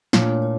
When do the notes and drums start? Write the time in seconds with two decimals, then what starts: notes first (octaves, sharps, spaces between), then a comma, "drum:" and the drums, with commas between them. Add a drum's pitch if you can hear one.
0.13 A#2 A3 D4 F4 C#5, drum: snare
0.42 F4 C#5